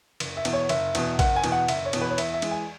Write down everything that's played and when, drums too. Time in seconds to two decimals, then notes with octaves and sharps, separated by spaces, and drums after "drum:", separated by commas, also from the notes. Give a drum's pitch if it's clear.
0.20 F#1, drum: cymbal
0.37 E5
0.45 E2 B2, drum: cymbal
0.53 C#5
0.69 F#1 E5, drum: cymbal
0.95 E2 B2, drum: cymbal
1.19 F#1 F#5, drum: kick, cymbal
1.36 G#5
1.44 E2 B2, drum: cymbal
1.52 F#5
1.68 F#1 E5, drum: cymbal
1.85 C#5
1.93 E2 B2, drum: cymbal
2.02 B4
2.10 C#5
2.18 E2 E5, drum: cymbal
2.34 E5
2.42 E3 G#3, drum: cymbal
2.51 G#5